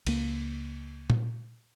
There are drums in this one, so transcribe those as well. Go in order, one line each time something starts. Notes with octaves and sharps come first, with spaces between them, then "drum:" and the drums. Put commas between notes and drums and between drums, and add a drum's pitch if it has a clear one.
C#2 A#3, drum: cymbal
drum: tom